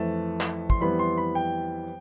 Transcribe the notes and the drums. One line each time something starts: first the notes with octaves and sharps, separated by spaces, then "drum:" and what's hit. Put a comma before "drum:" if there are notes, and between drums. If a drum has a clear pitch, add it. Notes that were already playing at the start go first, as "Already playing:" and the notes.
Already playing: F2 E3 A3 A5
drum: clap
C6, drum: kick
F2 E3 G3 B3 B5
C6
B5
G5